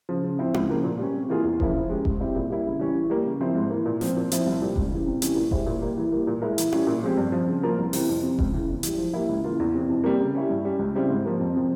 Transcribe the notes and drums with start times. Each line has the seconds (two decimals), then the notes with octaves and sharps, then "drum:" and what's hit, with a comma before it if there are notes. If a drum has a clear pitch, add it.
0.09 C#3 F3
0.23 C#3
0.39 F3 C4 E4
0.54 C#2, drum: tom E4
0.69 C#3 F3 A#3
0.84 A#2
0.98 G3 C#4
1.14 C3
1.30 E3 A#3 F4 G#4
1.44 E2
1.60 C#3 F3 A#3 E4, drum: kick F1
1.74 F3
1.90 G#3 C#4 G4
2.05 G#2, drum: kick F1
2.20 G3 C4 E4 G4
2.35 A#2
2.50 G3 A#3 E4
2.66 C#3
2.79 E3 G3 C#4
2.95 E3
3.10 G3 A#3
3.26 C#3
3.40 F3 C4 E4
3.55 G#2
3.70 E3 A#3
3.86 A#2
4.01 F3 C4, drum: snare
4.16 A#2
4.32 F3 C4 E4, drum: hi-hat
4.46 C2
4.62 A#2 G3
4.76 C#2, drum: kick F1
4.91 C#3 E3
5.06 C3
5.22 E3 G3 C#4, drum: hi-hat
5.36 A#2
5.51 G#3 E4 G4 C5, drum: kick F1
5.66 A#2
5.82 G3 A#3
5.97 E3
6.12 G3 A#3
6.27 A#2
6.42 G#3 E4 A#4
6.58 E3, drum: hi-hat
6.72 G3 C#4 E4, drum: tom E4
6.87 A#2
7.03 F3 G#3 C4 G4
7.17 G2
7.32 F3 C4
7.47 C#3
7.63 F3 A#3 F4 A#4
7.79 C2
7.93 C3 E3, drum: open hi-hat
8.09 F2
8.23 C3 F3
8.39 C#2, drum: kick F1
8.54 C#3 E3
8.68 E2
8.83 E3 G3, drum: hi-hat
8.98 F3
9.14 A#3 E4 G4
9.29 C#2
9.44 C#3 E3 A#3 F4
9.60 E2
9.74 C3 E3
9.89 F2
10.04 C3 G3 A#3
10.19 C#3
10.35 G3 C#4 E4
10.50 G2
10.65 G3 C#4
10.79 C#2
10.95 C#3 G3 C4 E4
11.10 G#2
11.26 F3 A#3
11.40 F2
11.55 C3 F3